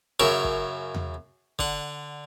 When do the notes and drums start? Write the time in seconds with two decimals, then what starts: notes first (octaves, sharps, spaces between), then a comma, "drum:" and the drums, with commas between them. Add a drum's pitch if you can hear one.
0.20 F#2 C#3 A#4 E5 C#6
0.44 drum: kick
0.94 drum: tom E2
1.59 D3 F#5, drum: kick